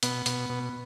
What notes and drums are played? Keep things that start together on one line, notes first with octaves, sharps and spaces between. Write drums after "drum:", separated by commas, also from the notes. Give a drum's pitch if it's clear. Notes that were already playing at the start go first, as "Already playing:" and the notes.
B2 B3, drum: hi-hat
B2, drum: hi-hat
B2